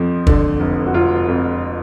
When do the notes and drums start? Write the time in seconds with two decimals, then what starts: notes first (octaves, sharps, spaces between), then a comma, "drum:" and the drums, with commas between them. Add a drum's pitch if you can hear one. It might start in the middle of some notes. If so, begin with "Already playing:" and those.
Already playing: F2 F3
0.27 D3, drum: kick
0.60 F1
0.86 F#4
0.94 F1 F4
1.28 F2